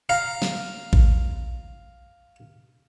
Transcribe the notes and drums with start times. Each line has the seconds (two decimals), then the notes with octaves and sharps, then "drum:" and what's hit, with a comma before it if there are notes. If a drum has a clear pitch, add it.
0.09 F5 A#5
0.42 drum: snare
0.93 drum: kick